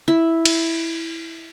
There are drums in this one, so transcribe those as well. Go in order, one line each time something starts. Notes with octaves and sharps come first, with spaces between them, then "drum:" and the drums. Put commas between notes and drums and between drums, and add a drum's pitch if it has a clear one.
E4
drum: cymbal